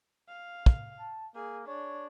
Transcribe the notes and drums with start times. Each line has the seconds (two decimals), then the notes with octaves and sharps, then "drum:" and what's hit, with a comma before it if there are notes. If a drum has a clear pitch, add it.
0.29 F5
0.66 drum: kick
0.99 A5
1.35 A#3 G#4
1.67 D4 C#5